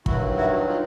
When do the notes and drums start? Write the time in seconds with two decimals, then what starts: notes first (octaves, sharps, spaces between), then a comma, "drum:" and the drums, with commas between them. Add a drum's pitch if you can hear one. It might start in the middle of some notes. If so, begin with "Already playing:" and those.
0.06 G2 D#3 F#3 E4 F#4, drum: kick
0.36 E4 F#4
0.67 D#4 F4